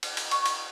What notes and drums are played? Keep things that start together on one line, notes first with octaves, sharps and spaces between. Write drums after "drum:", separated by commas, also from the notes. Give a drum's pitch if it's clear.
drum: cymbal
drum: cymbal
C#6, drum: cymbal
drum: cymbal